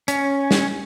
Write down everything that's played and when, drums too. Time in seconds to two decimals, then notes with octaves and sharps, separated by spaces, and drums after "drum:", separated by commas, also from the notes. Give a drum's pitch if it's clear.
0.08 C#4, drum: hi-hat
0.51 drum: snare